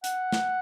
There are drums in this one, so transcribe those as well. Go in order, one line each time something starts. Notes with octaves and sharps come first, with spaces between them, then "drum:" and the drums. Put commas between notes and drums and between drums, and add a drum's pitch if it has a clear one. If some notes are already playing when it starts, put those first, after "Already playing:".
F#5, drum: hi-hat
drum: snare